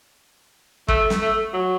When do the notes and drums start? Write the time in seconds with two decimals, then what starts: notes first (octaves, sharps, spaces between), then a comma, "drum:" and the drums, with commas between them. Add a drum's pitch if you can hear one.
0.88 A3, drum: kick
1.10 drum: snare
1.21 A3
1.53 F#3